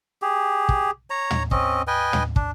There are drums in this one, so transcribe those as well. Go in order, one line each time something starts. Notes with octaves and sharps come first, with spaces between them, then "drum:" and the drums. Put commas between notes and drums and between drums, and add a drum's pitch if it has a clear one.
G4 G#4
drum: kick
C#5 A#5
drum: tom
C4 C#4 D#5, drum: kick
B4 D#5 G5 G#5
drum: tom
D4, drum: kick